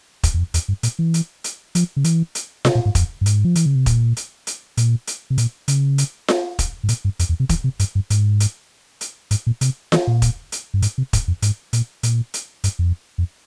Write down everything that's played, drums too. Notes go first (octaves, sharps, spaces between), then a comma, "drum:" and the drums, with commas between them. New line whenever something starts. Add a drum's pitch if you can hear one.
E2, drum: kick, hi-hat
E2
F2
E2, drum: hi-hat
G2
A#2, drum: hi-hat
E3
drum: hi-hat
drum: hi-hat
F3, drum: hi-hat
C#3
E3, drum: hi-hat
drum: hi-hat
C3, drum: snare F4
A#2
G#2
F2, drum: kick, hi-hat
G2
G#2, drum: hi-hat
F3
E3, drum: hi-hat
C#3
C3
A#2, drum: kick, hi-hat
drum: hi-hat
drum: hi-hat
A#2, drum: hi-hat
drum: hi-hat
C3
A#2, drum: hi-hat
C#3, drum: hi-hat
drum: hi-hat
drum: snare F4
drum: kick, hi-hat
G#2
A#2, drum: hi-hat
G2
F2, drum: hi-hat
E2
C3
E3, drum: kick, hi-hat
C3
G2, drum: hi-hat
G2
G#2, drum: hi-hat
drum: hi-hat
drum: hi-hat
G#2, drum: hi-hat
A#2
C3, drum: hi-hat
E3, drum: snare F4
A#2
drum: kick, hi-hat
drum: hi-hat
G2
G#2, drum: hi-hat
C3
G#2, drum: kick, hi-hat
F2
G#2, drum: hi-hat
A#2, drum: hi-hat
A#2, drum: hi-hat
drum: hi-hat
G2, drum: hi-hat
F2
F2